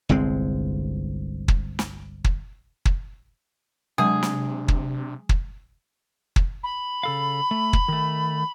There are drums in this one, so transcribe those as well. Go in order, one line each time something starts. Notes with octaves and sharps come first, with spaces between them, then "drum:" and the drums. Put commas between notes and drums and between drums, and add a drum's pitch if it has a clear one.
G1 C2 G#3 C4
drum: kick
drum: snare
drum: kick
drum: kick
C3 F#3 G#3 D4 G#4
drum: snare
drum: kick
drum: kick
drum: kick
B5
C#3 A4 F5
A3
drum: kick
D#3 A3